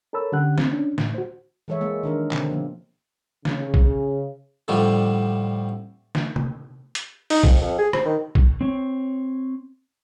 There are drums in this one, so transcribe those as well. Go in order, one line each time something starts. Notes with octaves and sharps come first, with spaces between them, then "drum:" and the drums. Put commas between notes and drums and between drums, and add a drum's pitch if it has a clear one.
A4 A#4 C#5 A5 B5 E6
D3 C#4 G4 F#5 F#6
C4, drum: snare
C#4 D4
A2, drum: snare
F#4 C5
E3 G#3 A4 C#5 E5
G#3 A#3
D#3 D4 A#4
B2 D3 C4, drum: clap
F3 A#3
C#3, drum: snare
drum: kick
A2 D3 F3 G3 A3
drum: snare
drum: tom
drum: hi-hat
D#4, drum: open hi-hat
F2, drum: kick
F2
G#4
C5, drum: rim click
D#3
drum: kick
C4 C#5